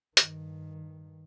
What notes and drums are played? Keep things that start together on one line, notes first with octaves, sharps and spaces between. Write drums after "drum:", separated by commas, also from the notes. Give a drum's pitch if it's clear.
G2 D#3, drum: hi-hat